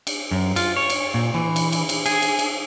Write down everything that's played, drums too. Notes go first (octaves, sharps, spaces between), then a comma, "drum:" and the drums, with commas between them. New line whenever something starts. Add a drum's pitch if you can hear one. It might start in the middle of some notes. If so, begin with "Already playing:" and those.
drum: cymbal
F#2
F4, drum: cymbal
C#5
drum: cymbal
A#2
E3
drum: cymbal
drum: cymbal
drum: cymbal
G#4, drum: cymbal
drum: cymbal
drum: cymbal